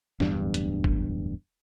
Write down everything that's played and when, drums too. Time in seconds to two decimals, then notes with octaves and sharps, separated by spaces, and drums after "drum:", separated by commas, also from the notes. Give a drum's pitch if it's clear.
0.20 D1 E2 G2 D4, drum: snare
0.54 drum: hi-hat
0.84 drum: kick